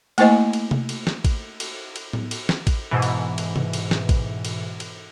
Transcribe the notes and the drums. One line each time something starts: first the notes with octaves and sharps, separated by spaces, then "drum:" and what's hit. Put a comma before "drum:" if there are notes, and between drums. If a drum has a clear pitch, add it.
A3 A#3 E4 C5 D#5 G#5, drum: cymbal
drum: cymbal
drum: tom C3
drum: cymbal
drum: snare
drum: kick A1, cymbal
drum: cymbal
drum: cymbal
drum: tom
drum: cymbal
drum: snare
drum: kick A1, cymbal
G#2 B2 E3
drum: cymbal
drum: cymbal
drum: tom C3
drum: cymbal
drum: snare
drum: kick A1, cymbal
drum: cymbal
drum: cymbal